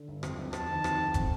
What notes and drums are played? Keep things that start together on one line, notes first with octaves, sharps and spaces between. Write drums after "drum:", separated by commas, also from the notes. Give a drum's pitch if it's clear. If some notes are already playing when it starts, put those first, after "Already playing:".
Already playing: D3
G1
F2, drum: rim click
F2
F2 A5, drum: rim click
D#3
F2, drum: rim click
F2
C4, drum: kick, hi-hat